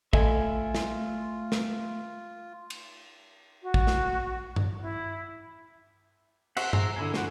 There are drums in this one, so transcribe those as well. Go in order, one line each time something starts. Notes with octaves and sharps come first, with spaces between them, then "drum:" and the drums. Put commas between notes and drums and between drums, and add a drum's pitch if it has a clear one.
A3 F4 A4 D#5 E5 G#5, drum: kick
drum: snare
drum: snare
drum: cymbal
F#4
drum: kick
drum: snare
drum: tom G2
E4
F#4 C5 E5 F#5, drum: cymbal
G#4 C5 E5 A#5, drum: tom G2
D3 E4 G#5
D3 F3 F#4 C5 F#5, drum: snare